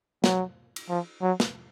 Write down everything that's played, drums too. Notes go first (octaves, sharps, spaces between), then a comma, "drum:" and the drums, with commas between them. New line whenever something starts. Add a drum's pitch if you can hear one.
F#3, drum: snare
drum: cymbal
F3
F#3
drum: snare